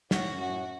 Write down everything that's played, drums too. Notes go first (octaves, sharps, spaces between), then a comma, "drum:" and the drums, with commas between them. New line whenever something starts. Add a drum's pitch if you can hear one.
A2 F#4, drum: snare
F#2
F#4
A2